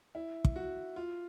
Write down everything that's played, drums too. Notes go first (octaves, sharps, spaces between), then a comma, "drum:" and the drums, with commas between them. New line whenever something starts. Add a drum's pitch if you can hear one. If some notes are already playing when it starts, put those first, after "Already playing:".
E4
drum: kick
F#4
F4